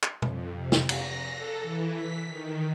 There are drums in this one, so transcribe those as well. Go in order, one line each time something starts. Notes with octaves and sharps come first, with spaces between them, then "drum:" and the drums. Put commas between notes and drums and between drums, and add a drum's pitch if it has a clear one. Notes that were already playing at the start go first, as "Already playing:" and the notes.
drum: clap
F2, drum: tom B2
C3
drum: snare
A#6, drum: cymbal
A4
E3
B6
D#3